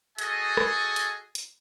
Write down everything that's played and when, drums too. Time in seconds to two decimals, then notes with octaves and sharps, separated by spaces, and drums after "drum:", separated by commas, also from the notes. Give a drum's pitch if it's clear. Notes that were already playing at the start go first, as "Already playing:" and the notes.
0.18 F#4 G#4 A4 D#5 G#5, drum: hi-hat
0.57 drum: rim click
0.96 drum: hi-hat
1.35 drum: hi-hat